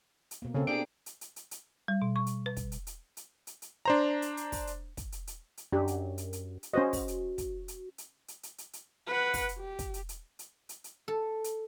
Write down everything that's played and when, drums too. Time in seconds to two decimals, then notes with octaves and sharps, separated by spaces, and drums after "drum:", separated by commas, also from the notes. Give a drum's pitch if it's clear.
0.31 drum: hi-hat
0.42 B2 A#3
0.54 C#3 A#3 C4 A4
0.67 D4 G4 G#4 D7
1.06 drum: hi-hat
1.21 drum: hi-hat
1.36 drum: hi-hat
1.51 drum: hi-hat
1.88 G3
2.02 B2
2.16 C#6
2.26 drum: hi-hat
2.46 B4
2.57 drum: kick, hi-hat
2.72 drum: hi-hat
2.87 drum: hi-hat
3.17 drum: hi-hat
3.47 drum: hi-hat
3.62 drum: hi-hat
3.85 D4 C5 A#5
4.22 drum: hi-hat
4.37 drum: hi-hat
4.52 drum: kick, open hi-hat
4.67 drum: hi-hat
4.97 drum: kick, hi-hat
5.12 drum: hi-hat
5.27 drum: hi-hat
5.57 drum: hi-hat
5.73 F#2 D4 G4
5.88 drum: hi-hat
6.18 drum: hi-hat
6.33 drum: hi-hat
6.63 drum: hi-hat
6.74 C#4 F#4 C5 D#5
6.93 drum: kick, open hi-hat
7.08 drum: hi-hat
7.38 drum: kick, hi-hat
7.68 drum: hi-hat
7.98 drum: hi-hat
8.28 drum: hi-hat
8.43 drum: hi-hat
8.58 drum: hi-hat
8.73 drum: hi-hat
9.07 B4 F#5
9.34 drum: kick, open hi-hat
9.49 drum: hi-hat
9.58 G4
9.79 drum: kick, hi-hat
9.94 drum: hi-hat
10.09 drum: hi-hat
10.39 drum: hi-hat
10.69 drum: hi-hat
10.84 drum: hi-hat
11.08 A4
11.44 drum: hi-hat